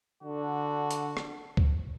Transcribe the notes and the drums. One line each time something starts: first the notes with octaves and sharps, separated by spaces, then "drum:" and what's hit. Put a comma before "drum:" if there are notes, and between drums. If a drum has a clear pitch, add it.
D3 F#4
drum: hi-hat
drum: rim click
drum: kick C#2